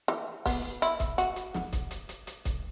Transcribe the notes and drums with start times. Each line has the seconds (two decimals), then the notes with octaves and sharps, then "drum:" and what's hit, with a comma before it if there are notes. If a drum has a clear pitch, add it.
0.08 E3
0.46 B3, drum: kick C#1, open hi-hat
0.82 E4, drum: hi-hat
1.00 drum: kick C#1, hi-hat
1.18 F#4, drum: hi-hat
1.36 drum: hi-hat
1.54 drum: snare
1.73 drum: kick C#1, hi-hat
1.91 drum: hi-hat
2.09 drum: hi-hat
2.27 drum: hi-hat
2.45 drum: kick C#1, hi-hat